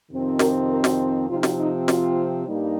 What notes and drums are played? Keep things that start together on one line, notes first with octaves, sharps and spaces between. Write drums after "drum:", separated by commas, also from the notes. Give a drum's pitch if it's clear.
F2 C3 D#3 C4
A#4, drum: snare
A#4
drum: snare
C3 F3 C4 D#4 F4
drum: snare
D#4
F4, drum: snare
G2 G3 A#3 D#4